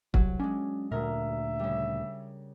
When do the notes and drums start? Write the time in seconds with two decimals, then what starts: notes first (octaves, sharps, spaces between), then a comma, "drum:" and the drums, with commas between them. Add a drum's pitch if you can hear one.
0.14 C2 F#3, drum: kick
0.39 G#3 C#4 D4
0.92 D2 A#2 A#4 E5
1.59 C#3 G3